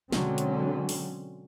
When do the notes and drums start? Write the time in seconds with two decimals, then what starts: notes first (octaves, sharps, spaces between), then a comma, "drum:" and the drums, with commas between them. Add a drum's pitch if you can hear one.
0.12 B2 D3 F#3 G#3 C4 C#4, drum: snare
0.38 drum: hi-hat
0.89 drum: open hi-hat